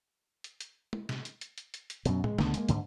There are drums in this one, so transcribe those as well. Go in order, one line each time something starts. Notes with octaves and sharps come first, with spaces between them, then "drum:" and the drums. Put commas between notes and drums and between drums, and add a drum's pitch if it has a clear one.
drum: hi-hat
drum: hi-hat
drum: tom G#3
drum: snare
drum: hi-hat
drum: hi-hat
drum: hi-hat
drum: hi-hat
drum: hi-hat
F#2 B2, drum: hi-hat
G#3, drum: tom A2
C#2 D3 A3 B3, drum: snare
G#3 A#3, drum: hi-hat
G#2 D3, drum: hi-hat